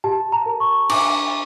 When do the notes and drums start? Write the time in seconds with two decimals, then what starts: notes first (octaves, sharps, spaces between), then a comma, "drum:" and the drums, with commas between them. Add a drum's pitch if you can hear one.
0.04 G4 A5
0.32 A#5
0.46 A#4
0.60 C#6
0.89 D4 D6, drum: cymbal